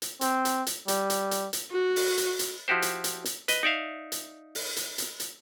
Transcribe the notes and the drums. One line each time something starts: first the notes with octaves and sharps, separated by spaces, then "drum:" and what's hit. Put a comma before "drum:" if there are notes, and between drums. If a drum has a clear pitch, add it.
drum: hi-hat
C4, drum: hi-hat
drum: hi-hat
drum: hi-hat
G3, drum: hi-hat
drum: hi-hat
drum: hi-hat
drum: hi-hat
F#4
drum: open hi-hat
drum: hi-hat
drum: hi-hat
F3 E4 F#4 G4 C5
drum: hi-hat
drum: hi-hat
drum: hi-hat
B4 D#5, drum: hi-hat
D#4 D5 E5 F5
drum: hi-hat
drum: open hi-hat
drum: hi-hat
drum: hi-hat
drum: hi-hat